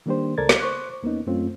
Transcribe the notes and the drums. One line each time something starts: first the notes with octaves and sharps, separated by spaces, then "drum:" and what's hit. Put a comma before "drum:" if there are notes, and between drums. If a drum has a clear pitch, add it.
D#3 G3 A#3 D4 G4 C5
C#2 A4 A#4 D5 G#6 A6
drum: snare
C5 C#6 D6 F#6
E2 A#3 B3 C#4 D#4
F#2 A3 C4 C#4 F4